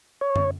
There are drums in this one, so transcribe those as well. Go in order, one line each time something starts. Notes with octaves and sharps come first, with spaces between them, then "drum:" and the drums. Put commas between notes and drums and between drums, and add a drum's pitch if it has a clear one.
C#5
drum: tom F#2